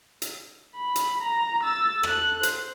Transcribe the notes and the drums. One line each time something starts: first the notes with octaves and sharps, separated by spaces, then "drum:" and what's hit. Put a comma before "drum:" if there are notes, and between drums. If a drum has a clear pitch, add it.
drum: hi-hat
B5
drum: hi-hat
A#5
E6 A6
A4 F#6, drum: rim click
C5, drum: hi-hat